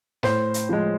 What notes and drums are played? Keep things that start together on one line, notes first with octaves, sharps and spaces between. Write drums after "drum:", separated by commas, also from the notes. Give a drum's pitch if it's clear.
A2 C5, drum: snare
drum: hi-hat
F3 G#3